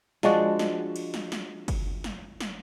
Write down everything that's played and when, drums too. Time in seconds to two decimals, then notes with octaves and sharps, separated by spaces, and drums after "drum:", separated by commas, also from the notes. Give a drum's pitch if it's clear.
0.23 F3 G#3 D4 F#4, drum: snare
0.59 drum: snare
0.96 drum: cymbal
1.14 drum: snare
1.32 drum: snare
1.68 drum: kick F#1, cymbal
2.04 drum: snare
2.41 drum: snare